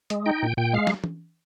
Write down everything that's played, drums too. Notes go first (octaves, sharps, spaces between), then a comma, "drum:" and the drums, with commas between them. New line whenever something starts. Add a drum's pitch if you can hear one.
G#3, drum: hi-hat
D#4 G5
A#2
A#2 G5
G#3 F5
drum: snare
drum: tom